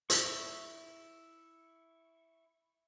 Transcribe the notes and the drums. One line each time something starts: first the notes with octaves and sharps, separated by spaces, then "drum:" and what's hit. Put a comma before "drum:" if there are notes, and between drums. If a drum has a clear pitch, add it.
E4 C#6, drum: hi-hat